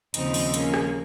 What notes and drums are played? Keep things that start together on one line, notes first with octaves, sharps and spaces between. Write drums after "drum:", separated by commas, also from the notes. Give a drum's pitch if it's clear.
D#2 C#3 F3 C4 D#4, drum: hi-hat
drum: open hi-hat
A#3 C#4, drum: hi-hat
drum: rim click